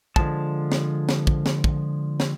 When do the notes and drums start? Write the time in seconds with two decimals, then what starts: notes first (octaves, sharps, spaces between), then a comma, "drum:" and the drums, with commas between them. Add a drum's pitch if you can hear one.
0.16 D3 F3 G#3 A5, drum: kick
0.72 drum: snare
1.09 drum: snare
1.27 drum: kick
1.46 drum: snare
1.64 drum: kick
2.20 drum: snare